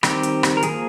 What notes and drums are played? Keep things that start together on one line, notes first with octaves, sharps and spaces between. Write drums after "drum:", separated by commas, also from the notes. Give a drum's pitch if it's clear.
D#3 G3 C4 G4, drum: rim click
drum: hi-hat
drum: rim click
A#4
F3 A#3 G#4, drum: hi-hat